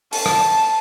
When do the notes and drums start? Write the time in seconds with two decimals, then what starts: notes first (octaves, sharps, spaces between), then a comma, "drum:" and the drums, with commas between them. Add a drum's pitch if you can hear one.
0.13 A5, drum: open hi-hat
0.26 drum: rim click